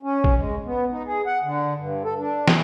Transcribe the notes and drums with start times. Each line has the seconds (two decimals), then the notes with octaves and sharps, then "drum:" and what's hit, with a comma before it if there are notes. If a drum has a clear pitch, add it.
0.03 C#4
0.24 drum: kick A1
0.37 G#3
0.66 B3
0.92 D#4
1.05 G#4
1.26 F#5
1.43 D3
1.77 G2
2.04 A4
2.19 D4
2.48 E3, drum: snare